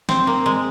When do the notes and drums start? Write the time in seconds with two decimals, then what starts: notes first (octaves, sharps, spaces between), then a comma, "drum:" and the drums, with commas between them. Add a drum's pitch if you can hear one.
0.09 C4, drum: snare
0.27 A#3
0.46 G#3